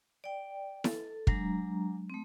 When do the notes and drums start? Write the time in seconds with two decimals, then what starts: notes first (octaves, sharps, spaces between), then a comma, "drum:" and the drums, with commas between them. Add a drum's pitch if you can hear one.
0.24 D5 G5
0.84 A4, drum: snare E4
1.27 F#3 G#3 D4 A#5, drum: kick
2.10 A3 C4